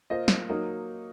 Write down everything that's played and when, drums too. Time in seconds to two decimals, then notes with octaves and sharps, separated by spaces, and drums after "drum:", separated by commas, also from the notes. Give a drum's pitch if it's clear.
0.10 A#3 F4 C5 D#5
0.28 drum: snare
0.49 F#3 A#3 D#4